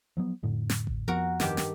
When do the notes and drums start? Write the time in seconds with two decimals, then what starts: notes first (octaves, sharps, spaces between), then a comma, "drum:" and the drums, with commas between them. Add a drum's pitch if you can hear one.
0.17 F3 F#3 B3
0.43 F2 A2 D3
0.70 drum: snare
0.87 drum: kick A1
1.08 F2 F3 B3 F#4 A#4
1.40 G2 D#3 G4, drum: snare
1.57 drum: snare